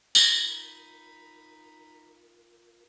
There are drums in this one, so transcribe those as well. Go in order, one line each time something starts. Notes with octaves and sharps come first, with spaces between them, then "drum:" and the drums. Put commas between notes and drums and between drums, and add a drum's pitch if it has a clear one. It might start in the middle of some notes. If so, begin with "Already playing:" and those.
D#4 F4 A#4 B5, drum: tambourine